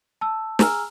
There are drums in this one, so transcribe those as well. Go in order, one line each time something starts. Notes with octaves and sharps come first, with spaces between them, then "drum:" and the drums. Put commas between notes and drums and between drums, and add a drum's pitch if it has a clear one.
A5 E6
G#4 G#5 A#5 E6 F6, drum: snare